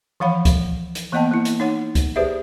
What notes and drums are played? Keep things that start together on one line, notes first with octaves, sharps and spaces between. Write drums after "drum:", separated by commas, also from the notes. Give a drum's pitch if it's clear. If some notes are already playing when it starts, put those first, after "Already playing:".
E3 F3 C#5 F5 F#5 B5
drum: kick, hi-hat
drum: hi-hat
E3 A#3 B3 D#5 G5 A5
A#3 E4
drum: hi-hat
D#4 C#5 F#5
drum: kick, hi-hat
G4 G#4 B4 C5 D5 E5